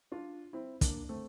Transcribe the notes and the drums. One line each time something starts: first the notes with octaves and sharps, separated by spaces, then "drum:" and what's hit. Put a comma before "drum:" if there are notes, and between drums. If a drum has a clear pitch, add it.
D4 F4
C4 E4
A#3 D4, drum: kick, hi-hat
A3 C4